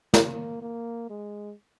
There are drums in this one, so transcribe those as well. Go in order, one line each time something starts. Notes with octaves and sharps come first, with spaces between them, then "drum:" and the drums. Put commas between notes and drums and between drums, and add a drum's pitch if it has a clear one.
A#3, drum: snare
A#3
G#3